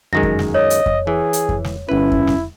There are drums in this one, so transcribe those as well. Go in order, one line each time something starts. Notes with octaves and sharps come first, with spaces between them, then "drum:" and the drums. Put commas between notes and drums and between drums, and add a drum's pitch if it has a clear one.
F#2 D#3 G#3 A#6
drum: kick F2
drum: snare
C#5 D#5
drum: hi-hat
drum: kick F2
E3 G#4
drum: hi-hat
drum: kick F2
drum: snare
G1 C#4 E4 B4
drum: kick F2
drum: snare